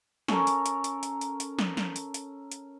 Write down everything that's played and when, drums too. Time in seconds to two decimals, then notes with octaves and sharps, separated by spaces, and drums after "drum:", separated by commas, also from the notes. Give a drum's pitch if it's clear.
0.28 C#4 A4 A#4, drum: snare
0.47 drum: hi-hat
0.66 drum: hi-hat
0.84 drum: hi-hat
1.03 drum: hi-hat
1.21 drum: hi-hat
1.40 drum: hi-hat
1.59 drum: snare
1.77 drum: snare
1.96 drum: hi-hat
2.14 drum: hi-hat
2.52 drum: hi-hat